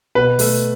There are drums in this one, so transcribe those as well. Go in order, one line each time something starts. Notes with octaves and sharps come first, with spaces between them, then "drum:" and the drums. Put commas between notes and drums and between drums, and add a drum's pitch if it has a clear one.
B2 B4
A3, drum: open hi-hat